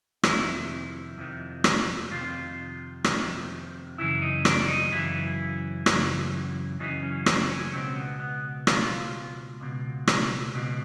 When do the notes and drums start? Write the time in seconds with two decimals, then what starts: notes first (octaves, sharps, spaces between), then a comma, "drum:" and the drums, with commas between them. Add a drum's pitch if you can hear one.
0.23 F2 C3 D#3 E4, drum: rim click
1.18 F2 C3 D#3
1.64 drum: rim click
2.11 F2 C3 D#3 F4
3.04 F2 C3 D#3, drum: rim click
3.98 F#2 C#3 E3 E4
4.22 D#4
4.45 D4, drum: rim click
4.68 D#4
4.92 F#2 C#3 E3 E4
5.86 F#2 C#3 E3, drum: rim click
6.80 F#2 C#3 E3 D#4
7.03 C#4
7.26 C4, drum: rim click
7.50 C#4
7.73 C#2 B2 C4
7.96 B3
8.20 B3
8.67 C#2 B2 F4, drum: rim click
9.60 C#2 B2
10.07 drum: rim click
10.54 C#2 B2